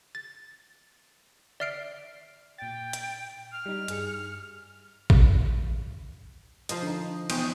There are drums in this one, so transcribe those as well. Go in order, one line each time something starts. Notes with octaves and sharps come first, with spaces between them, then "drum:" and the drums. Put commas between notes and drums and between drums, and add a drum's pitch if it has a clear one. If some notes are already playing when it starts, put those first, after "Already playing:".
A6
D5 E5 F6 C7 D7
A#2 G5 A6
drum: hi-hat
F6
G3 D#4
G2 G#4 C#7, drum: hi-hat
drum: kick A1
F3 C5 D#5, drum: hi-hat
D3 D#4
E2 C4 C#4 G5 D#6, drum: cymbal